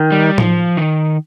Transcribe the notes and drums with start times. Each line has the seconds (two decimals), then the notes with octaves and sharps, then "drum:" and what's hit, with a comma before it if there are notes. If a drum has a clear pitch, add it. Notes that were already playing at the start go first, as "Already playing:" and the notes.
Already playing: D#3
0.12 G3
0.38 F3, drum: tom A2
0.77 D#3